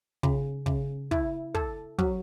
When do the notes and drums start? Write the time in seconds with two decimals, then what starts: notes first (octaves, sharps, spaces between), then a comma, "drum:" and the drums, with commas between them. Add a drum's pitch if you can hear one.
0.23 C#3, drum: kick
0.66 C#3, drum: kick
1.11 E4, drum: kick
1.55 A4, drum: kick
1.99 F#3, drum: kick